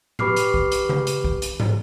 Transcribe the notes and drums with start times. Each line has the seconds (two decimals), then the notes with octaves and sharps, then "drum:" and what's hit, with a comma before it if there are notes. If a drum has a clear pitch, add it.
0.19 G4 B4 B5 D6 F6 C7, drum: tom A2
0.37 drum: hi-hat
0.54 drum: kick
0.72 drum: hi-hat
0.89 drum: tom C#3
1.07 drum: hi-hat
1.24 drum: kick
1.42 drum: hi-hat
1.60 drum: tom